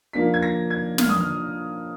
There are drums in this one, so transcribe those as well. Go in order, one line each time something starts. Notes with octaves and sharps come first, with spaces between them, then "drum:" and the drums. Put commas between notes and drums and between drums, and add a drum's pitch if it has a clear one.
F3 A#3 D4 B6
G#6
A#6
G#6
F6, drum: snare
D#6
F6